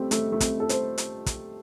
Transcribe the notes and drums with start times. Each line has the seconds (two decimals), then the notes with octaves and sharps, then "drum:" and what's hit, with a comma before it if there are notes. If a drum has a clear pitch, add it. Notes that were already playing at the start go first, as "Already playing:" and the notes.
Already playing: G3 A3 C4
0.11 A3, drum: hi-hat
0.32 A3
0.40 C4, drum: kick, hi-hat
0.60 A4
0.69 C5, drum: hi-hat
0.98 drum: hi-hat
1.26 drum: kick, hi-hat